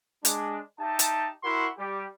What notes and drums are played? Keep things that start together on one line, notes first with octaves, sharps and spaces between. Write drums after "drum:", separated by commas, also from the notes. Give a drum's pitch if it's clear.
G#3 D4, drum: hi-hat
D#4 G4 E5 A5
drum: hi-hat
E4 F#4 A#4 F#5 C6 C#6
G3 G4